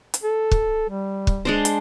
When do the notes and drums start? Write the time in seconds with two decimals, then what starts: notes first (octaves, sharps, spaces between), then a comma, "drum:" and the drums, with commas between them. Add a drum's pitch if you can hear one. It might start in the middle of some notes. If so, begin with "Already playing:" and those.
0.14 drum: hi-hat
0.23 A4
0.51 drum: kick
0.89 G3
1.27 drum: kick
1.45 G#3 D4 C5
1.65 drum: hi-hat